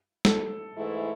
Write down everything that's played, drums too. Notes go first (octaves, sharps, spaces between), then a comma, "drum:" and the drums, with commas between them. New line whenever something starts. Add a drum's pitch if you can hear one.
A4, drum: snare
G#2 E3 A3 E4